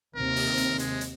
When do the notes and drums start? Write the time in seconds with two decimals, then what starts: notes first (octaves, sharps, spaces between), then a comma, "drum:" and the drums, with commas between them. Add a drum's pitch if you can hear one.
0.16 D#2 C3 A#4
0.36 drum: open hi-hat
0.58 drum: hi-hat
0.79 G#3, drum: hi-hat
1.01 drum: hi-hat